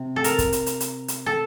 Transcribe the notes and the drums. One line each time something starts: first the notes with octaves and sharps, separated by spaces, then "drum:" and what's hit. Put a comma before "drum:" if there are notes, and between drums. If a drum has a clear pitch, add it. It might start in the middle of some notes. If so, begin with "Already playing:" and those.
Already playing: C3
A4
A#4, drum: hi-hat
drum: kick, hi-hat
drum: hi-hat
drum: hi-hat
drum: hi-hat
drum: hi-hat
A4